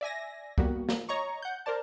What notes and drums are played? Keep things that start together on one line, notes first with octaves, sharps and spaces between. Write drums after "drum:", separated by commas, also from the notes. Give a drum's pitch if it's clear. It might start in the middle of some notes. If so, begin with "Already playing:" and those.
D5 E5 G#5 A#6
G3 A#3 B3 F#4, drum: kick
drum: snare
C#5 D#5 A#5 C#6
F#5 G6
A#4 C5 D5 A5